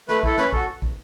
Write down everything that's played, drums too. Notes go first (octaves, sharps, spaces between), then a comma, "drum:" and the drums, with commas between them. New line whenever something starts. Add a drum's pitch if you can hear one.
A3 B4, drum: snare
E4 A4, drum: kick
C#4 B4, drum: snare
F#4 A4, drum: kick
drum: kick